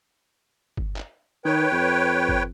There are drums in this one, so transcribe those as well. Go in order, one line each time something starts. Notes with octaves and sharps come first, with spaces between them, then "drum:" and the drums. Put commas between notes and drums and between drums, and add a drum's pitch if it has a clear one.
drum: kick G1
drum: clap
D#3 B4 C#5 G5
F2
drum: kick G1